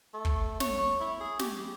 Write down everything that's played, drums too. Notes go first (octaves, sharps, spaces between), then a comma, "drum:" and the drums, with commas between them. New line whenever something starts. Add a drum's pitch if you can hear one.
A3
drum: kick
C#5, drum: snare
E4
G#4
G4, drum: snare